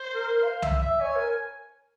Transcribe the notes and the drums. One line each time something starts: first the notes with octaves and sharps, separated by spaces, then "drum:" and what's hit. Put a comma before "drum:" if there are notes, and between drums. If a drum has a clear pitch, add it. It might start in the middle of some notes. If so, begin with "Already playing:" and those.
Already playing: C5
A#4
F5
E5, drum: tom C2
E5
C#5 G#5
A#4